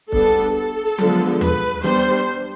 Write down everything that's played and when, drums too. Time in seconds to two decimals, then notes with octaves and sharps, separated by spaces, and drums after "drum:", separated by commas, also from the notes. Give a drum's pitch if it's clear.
0.12 G3 B3 D4 A4, drum: kick
0.56 A4
0.98 D3 F3 G#3 B3 D4, drum: tom F#3
1.41 B4, drum: tom D#2
1.84 G3 B3 D4 C5, drum: snare